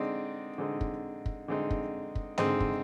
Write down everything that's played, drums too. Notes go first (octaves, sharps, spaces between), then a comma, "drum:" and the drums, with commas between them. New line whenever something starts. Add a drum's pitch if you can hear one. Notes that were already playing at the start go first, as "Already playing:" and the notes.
Already playing: D3 G#3 C4 D#4 D5
D3 G#3 C4 D#4
drum: kick
drum: kick
D3 G#3 C4 D#4
drum: kick
drum: kick
D3 G#3 C4 D#4 D#5, drum: tom
drum: kick